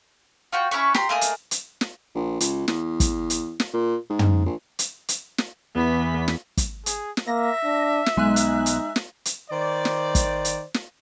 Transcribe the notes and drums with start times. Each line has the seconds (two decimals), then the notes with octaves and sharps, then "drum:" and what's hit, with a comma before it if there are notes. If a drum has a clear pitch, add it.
0.52 F4 F#4 G5
0.71 C#4 E4 B4 C#6
0.94 G4 A#5 C6, drum: snare
1.09 A3 A#3 G#4 D#5
1.21 drum: hi-hat
1.51 drum: hi-hat
1.81 drum: snare
2.15 A#1
2.40 C#2, drum: hi-hat
2.68 E2, drum: snare
3.00 drum: kick, hi-hat
3.30 drum: hi-hat
3.60 drum: snare
3.73 A#2
4.10 G#2
4.19 drum: tom
4.46 A#1
4.79 drum: hi-hat
5.09 drum: hi-hat
5.38 drum: snare
5.75 E2 E3 B3 B6
6.28 drum: snare
6.57 drum: kick, hi-hat
6.86 G#4, drum: hi-hat
7.17 drum: snare
7.27 A#3 E5 A#6
7.65 D4
8.06 drum: snare
8.17 B1 F#3 G#3 B3 D#4 G#5 F#6
8.36 drum: hi-hat
8.66 drum: hi-hat
8.96 drum: snare
9.25 drum: hi-hat
9.50 D#3 C5 D5
9.85 drum: snare
10.15 drum: kick, hi-hat
10.45 drum: hi-hat
10.74 drum: snare